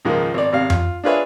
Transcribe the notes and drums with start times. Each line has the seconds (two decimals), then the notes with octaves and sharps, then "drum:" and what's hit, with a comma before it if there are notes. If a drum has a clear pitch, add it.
0.05 C#2 G#2 D#3 F3 G#3 A#3
0.34 G#1 D5
0.53 G#1 C3 F5
0.70 F4, drum: tom F2
1.04 D4 F4 G#4 B4 C#5 E5